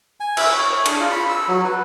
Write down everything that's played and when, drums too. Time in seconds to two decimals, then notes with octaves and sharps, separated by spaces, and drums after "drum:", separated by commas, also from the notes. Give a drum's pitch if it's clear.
0.20 G#5
0.37 E5, drum: cymbal
0.52 C#5
0.73 C#5
0.86 D4, drum: cymbal
1.00 F4
1.11 B5
1.29 E6
1.48 F#3
1.65 B4